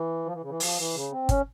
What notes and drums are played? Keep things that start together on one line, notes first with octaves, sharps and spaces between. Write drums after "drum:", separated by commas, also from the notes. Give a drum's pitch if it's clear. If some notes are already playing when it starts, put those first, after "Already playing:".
Already playing: E3
F3
E3
C#3
E3
F3, drum: open hi-hat
E3
C#3
C4
C#4, drum: kick G1, hi-hat